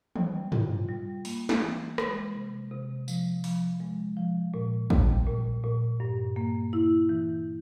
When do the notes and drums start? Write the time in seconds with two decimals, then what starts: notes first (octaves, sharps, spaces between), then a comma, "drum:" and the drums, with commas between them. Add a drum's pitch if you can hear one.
0.16 G3, drum: tom D#3
0.52 F4, drum: tom
0.89 G3
1.25 A#3, drum: open hi-hat
1.49 drum: snare
1.62 E3
1.98 G#3, drum: rim click
2.34 C3
2.71 C3
3.08 F3, drum: tambourine
3.44 F3, drum: open hi-hat
3.80 G#3
4.17 F3
4.54 A#2
4.90 G3, drum: kick
5.27 A#2
5.63 A#2
6.00 G2
6.36 A#3
6.73 E4
7.09 E3